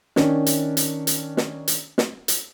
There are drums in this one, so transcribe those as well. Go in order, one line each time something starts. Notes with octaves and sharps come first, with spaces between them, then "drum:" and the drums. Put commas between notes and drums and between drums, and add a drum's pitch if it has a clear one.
D#3 C#4 D4, drum: snare
drum: hi-hat
drum: hi-hat
drum: hi-hat
drum: snare
drum: hi-hat
drum: snare
drum: hi-hat